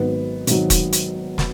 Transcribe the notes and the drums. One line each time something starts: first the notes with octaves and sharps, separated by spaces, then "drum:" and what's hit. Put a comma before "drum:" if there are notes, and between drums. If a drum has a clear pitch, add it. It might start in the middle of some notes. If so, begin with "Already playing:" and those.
Already playing: G#1 G#2 F#3 B3
G#1 G#2 F#3, drum: hi-hat
drum: kick E1, hi-hat
drum: hi-hat
drum: snare